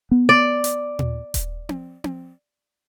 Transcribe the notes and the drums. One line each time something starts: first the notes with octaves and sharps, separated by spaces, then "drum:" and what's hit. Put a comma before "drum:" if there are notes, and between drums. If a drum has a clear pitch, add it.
B3
D5
drum: hi-hat
drum: tom
drum: kick D#1, hi-hat
drum: tom C4
drum: tom C4